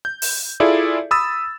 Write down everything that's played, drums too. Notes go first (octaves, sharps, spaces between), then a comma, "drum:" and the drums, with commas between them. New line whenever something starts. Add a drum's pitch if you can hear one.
G6
drum: open hi-hat
E4 F4 G#4 A4 D5 E5
B5 D#6 E6 A6